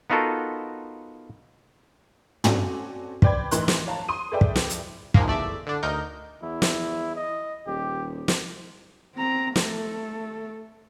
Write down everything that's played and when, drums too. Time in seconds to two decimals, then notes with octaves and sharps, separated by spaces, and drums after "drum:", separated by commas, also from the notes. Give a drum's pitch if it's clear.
0.10 B3 D#4 F4 F#4 A4 A#4
2.44 C4 C#4 F#4 A4 D5 G#5, drum: tom
3.22 B4 C5 D5 G5 B5 G#6, drum: kick
3.51 A1 E3 D#4 A#4 C6 F#6, drum: hi-hat
3.68 drum: snare
3.87 C#5 F5 A5 A#5
4.09 C6 D#6 D#7
4.32 G#4 A4 B4 D5 E5 G5
4.41 drum: kick
4.56 drum: snare
4.70 drum: hi-hat
5.14 D#2 F3 G#3 A#3, drum: kick
5.26 G1 E2 A3 D5 E5
5.67 D3 D4
5.83 D2 D#4 A#4 G6
6.43 E2 E4
6.62 drum: snare
7.15 D#5
7.67 D#1 G4
8.28 drum: snare
9.16 C4 A#5
9.56 A3 A4, drum: snare